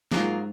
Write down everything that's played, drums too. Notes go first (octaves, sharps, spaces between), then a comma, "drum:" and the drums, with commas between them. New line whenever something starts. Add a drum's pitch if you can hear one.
G#2 F#3 A#3 F4 G#4, drum: snare